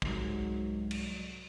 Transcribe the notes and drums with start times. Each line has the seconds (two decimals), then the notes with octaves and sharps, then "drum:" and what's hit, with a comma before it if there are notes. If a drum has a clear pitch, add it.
0.02 C2 G#2 F#3, drum: kick
0.91 drum: cymbal